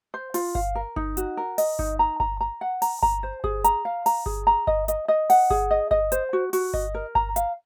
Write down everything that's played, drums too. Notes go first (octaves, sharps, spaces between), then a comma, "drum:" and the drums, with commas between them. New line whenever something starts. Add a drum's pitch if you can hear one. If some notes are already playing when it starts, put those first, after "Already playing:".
C5
F4, drum: open hi-hat
F5, drum: kick G1
A#4
D#4, drum: kick G1
F#4, drum: hi-hat
A#4
D#5, drum: open hi-hat
D#4, drum: kick G1
A#5
A#5, drum: kick G1
A#5
F#5
A#5, drum: open hi-hat
A#5, drum: kick G1
C5
G#4, drum: kick G1
A#5, drum: hi-hat
F5
A#5, drum: open hi-hat
G#4, drum: kick G1
A#5
D#5, drum: kick G1
D#5, drum: hi-hat
D#5
F#5, drum: open hi-hat
G#4, drum: kick G1
D#5
D#5, drum: kick G1
C5, drum: hi-hat
F#4
F#4, drum: open hi-hat
D#5, drum: kick G1
A#4
A#5, drum: kick G1
F5, drum: hi-hat